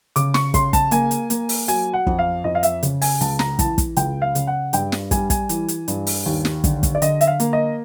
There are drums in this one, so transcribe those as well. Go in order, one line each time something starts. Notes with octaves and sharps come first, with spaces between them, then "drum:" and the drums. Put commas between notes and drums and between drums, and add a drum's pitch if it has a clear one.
C#3 D6, drum: hi-hat
C#6, drum: snare
C#3 C6, drum: kick, hi-hat
A5, drum: kick, hi-hat
A#3 G#5, drum: hi-hat
drum: hi-hat
A#3, drum: hi-hat
drum: open hi-hat
F#3 G#5, drum: hi-hat
F#5
F2, drum: kick
F5
F2 D#5
F5
E5, drum: hi-hat
C#3, drum: hi-hat
G#5, drum: open hi-hat
C#2 A5, drum: hi-hat
A#5, drum: snare
E3 A5, drum: kick, hi-hat
drum: kick, hi-hat
C#2 G5, drum: hi-hat
F5
C#3, drum: hi-hat
F#5
G2 G5, drum: hi-hat
drum: snare
G3 G#5, drum: kick, hi-hat
G#5, drum: kick, hi-hat
E3, drum: hi-hat
drum: hi-hat
G2, drum: hi-hat
drum: open hi-hat
D#2
drum: snare
D3, drum: kick, hi-hat
drum: kick, hi-hat
D5
D3 D#5, drum: hi-hat
E5, drum: hi-hat
F5
A#3, drum: hi-hat
D#5